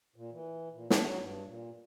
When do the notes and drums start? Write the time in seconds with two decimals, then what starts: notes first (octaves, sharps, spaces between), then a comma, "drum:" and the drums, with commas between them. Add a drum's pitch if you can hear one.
0.16 A#2
0.32 E3
0.73 A#2
0.90 D4, drum: snare
1.05 F#3
1.21 G2
1.45 A#2